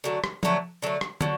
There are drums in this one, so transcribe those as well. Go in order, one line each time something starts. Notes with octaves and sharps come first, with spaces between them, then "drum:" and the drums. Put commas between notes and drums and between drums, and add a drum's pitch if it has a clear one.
D3 F#3 A3
drum: rim click
D3 F#3 A3, drum: tom F3
D3 F#3 A3
drum: rim click
D3 F#3, drum: tom